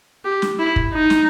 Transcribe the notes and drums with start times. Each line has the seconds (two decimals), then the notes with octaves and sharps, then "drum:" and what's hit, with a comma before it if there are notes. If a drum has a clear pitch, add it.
0.25 G4
0.42 drum: snare
0.59 E4
0.76 drum: kick
0.93 D#4
1.10 drum: snare